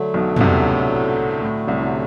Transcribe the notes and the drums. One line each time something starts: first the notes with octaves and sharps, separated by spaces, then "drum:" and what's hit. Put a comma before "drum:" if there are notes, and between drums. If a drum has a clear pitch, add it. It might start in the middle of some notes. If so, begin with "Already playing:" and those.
Already playing: D3 F#3 A3
B1 B2
B2, drum: tom
C2 C3
A2
A2
C2 C3
C3